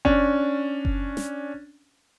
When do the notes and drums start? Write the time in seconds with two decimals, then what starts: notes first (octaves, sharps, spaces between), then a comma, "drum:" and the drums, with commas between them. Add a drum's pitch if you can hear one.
0.05 C#4 D4, drum: kick F#1
0.85 drum: kick F#1
1.17 drum: snare